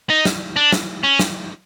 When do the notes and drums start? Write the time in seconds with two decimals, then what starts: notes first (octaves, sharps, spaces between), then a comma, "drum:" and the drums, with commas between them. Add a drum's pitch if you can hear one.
0.10 D#4
0.25 drum: snare
0.56 D4
0.72 drum: snare
1.04 C#4
1.19 drum: snare